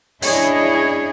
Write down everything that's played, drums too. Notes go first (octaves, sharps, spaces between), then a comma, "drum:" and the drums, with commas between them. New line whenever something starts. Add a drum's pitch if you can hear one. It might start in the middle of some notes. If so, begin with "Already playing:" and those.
C#4 D4 E4 G#4 C#5 D#5, drum: open hi-hat